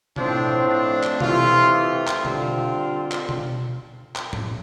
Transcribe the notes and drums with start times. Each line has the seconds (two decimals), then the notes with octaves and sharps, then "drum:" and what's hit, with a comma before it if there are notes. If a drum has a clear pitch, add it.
0.16 A2 F3 C4 D4, drum: tom B2
0.68 D4
1.03 drum: clap
1.20 C3 E3 A3 F4, drum: tom B2
1.73 F4
2.07 drum: clap
2.25 D3 G3 C4 F4, drum: tom B2
3.11 drum: clap
3.29 drum: tom B2
4.16 drum: clap
4.33 drum: tom A2